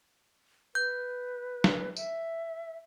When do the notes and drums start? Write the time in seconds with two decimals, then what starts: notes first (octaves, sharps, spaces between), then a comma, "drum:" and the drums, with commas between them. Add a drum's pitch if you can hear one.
0.75 B4 G6
1.64 drum: snare
1.97 E5, drum: tambourine